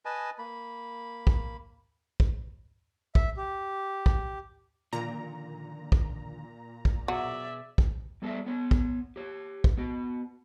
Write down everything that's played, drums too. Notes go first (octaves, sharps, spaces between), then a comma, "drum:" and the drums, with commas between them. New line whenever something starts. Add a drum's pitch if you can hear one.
B4 D#5 G#5 A5
A#3 B5
drum: kick
drum: kick
E5, drum: kick
G4
drum: kick
A#2 D3 D#3 F3 A#5
drum: kick
drum: kick
B2 F#3 B3 G#4 D5 E5
drum: kick
G3 B3 A4 C5 D5 E5
B3 C#5
drum: kick
G4 C#5
drum: kick
B3 F#4